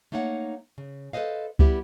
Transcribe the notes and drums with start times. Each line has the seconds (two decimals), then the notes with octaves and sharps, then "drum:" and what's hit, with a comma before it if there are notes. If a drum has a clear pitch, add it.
0.12 A3 A#3 D#4 C#5 F#5
0.78 C#3
1.13 A4 B4 C5 D#5 F5
1.59 G3 B3 E4 G4, drum: kick C#2